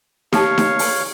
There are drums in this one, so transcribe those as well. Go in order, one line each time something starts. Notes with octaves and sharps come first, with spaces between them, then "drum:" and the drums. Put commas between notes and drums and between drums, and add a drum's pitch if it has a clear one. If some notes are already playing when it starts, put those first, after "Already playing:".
G4 C#5 F5 A5, drum: snare D#4
drum: snare D#4
drum: open hi-hat